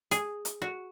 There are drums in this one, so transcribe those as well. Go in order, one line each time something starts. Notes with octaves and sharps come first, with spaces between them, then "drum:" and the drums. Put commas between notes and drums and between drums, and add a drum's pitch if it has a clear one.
G#4, drum: hi-hat
drum: hi-hat
F#4